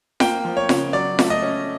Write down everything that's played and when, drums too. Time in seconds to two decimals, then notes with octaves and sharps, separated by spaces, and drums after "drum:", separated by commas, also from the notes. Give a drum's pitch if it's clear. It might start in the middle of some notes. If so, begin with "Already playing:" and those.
0.20 A#3 G5, drum: snare F4
0.45 F3
0.57 C#5
0.69 C#3, drum: snare F4
0.93 F#3 D5
1.19 A3, drum: snare F4
1.30 D#5
1.42 C#4